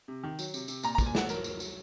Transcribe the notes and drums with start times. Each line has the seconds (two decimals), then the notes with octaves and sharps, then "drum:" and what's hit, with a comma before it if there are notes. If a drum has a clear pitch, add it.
0.08 C3
0.23 D#3
0.39 F#3, drum: tambourine
0.54 C3, drum: tambourine
0.68 C3, drum: tambourine
0.83 A#2 A#5, drum: tambourine
0.95 A#5
0.98 A#2, drum: kick, tambourine
1.06 G#5
1.15 F#3 F#5, drum: snare
1.29 F#3 A#4, drum: tambourine
1.44 F#3, drum: tambourine
1.60 F#3, drum: tambourine